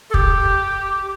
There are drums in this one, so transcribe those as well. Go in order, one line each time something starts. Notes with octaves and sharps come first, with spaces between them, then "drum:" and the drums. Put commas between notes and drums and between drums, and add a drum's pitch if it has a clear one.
A4
G4, drum: kick